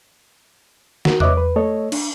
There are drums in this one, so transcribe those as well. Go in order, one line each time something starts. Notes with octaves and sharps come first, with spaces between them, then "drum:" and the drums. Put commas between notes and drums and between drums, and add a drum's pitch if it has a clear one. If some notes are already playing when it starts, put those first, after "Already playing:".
F#4 A#4, drum: snare
B4 C#5 D#5 E5 D6 F#6, drum: tom E2
B4
A3 A4 C#5 D#5
D4, drum: cymbal